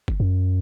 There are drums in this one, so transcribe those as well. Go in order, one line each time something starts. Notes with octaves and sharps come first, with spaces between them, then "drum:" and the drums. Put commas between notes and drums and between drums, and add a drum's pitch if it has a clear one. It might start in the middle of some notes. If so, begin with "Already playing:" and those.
drum: kick G1
F#2